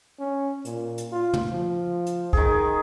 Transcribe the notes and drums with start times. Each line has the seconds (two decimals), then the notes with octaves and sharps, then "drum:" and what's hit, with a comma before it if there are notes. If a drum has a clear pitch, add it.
0.20 C#4
0.65 A#2, drum: hi-hat
0.98 drum: hi-hat
1.12 F4
1.34 drum: tom
1.52 F3
2.07 drum: hi-hat
2.33 D#3 G#4, drum: kick